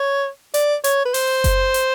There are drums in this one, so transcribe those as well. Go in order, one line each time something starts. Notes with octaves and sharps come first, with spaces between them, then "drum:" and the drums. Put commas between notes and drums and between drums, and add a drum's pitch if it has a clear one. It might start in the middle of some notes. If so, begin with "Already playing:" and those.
Already playing: C#5
D5, drum: hi-hat
C#5, drum: hi-hat
B4
C5, drum: open hi-hat
drum: kick F#1, hi-hat
drum: hi-hat